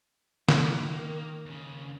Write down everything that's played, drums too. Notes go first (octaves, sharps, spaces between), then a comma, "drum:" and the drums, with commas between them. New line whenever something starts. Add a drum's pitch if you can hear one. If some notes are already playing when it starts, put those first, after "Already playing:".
D#3 A#3, drum: snare
D#2 C#3